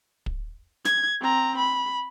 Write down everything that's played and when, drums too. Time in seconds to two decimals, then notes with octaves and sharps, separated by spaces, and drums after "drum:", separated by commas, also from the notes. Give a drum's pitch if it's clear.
0.26 drum: kick
0.85 G#6, drum: snare
1.21 C4 A#5
1.58 B5